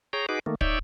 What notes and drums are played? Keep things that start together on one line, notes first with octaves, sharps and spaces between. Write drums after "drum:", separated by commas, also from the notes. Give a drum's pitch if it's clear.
G#4 C#5 G5 A#5
D#4 F#4 G#4 B4 D6
D#3 A3 A#3
D#4 C#5 D5 E5 G5, drum: kick